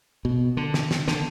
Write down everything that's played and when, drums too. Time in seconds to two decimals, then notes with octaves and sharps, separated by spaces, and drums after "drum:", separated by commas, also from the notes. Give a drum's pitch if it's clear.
0.25 B2
0.57 D3
0.74 drum: snare
0.91 drum: snare
1.08 D3, drum: snare